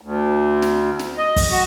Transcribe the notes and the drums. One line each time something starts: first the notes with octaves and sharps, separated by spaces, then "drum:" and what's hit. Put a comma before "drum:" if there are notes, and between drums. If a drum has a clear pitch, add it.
D2
drum: snare
drum: snare
D#5
drum: kick, open hi-hat
F#4